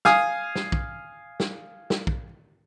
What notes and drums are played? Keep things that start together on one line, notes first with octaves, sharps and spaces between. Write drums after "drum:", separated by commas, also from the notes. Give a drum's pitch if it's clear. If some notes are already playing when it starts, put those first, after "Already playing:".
F5 G#5 D#6, drum: snare
drum: snare
drum: kick
drum: snare
drum: snare
drum: kick